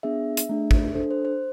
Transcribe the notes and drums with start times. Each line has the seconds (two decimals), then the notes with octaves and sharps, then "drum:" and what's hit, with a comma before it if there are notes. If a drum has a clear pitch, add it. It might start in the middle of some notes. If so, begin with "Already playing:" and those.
0.03 B3 D4 G#4 E5
0.37 drum: hi-hat
0.49 A3 D4 G#4
0.71 drum: kick
0.95 D4 A4 C5
1.11 C5
1.25 C5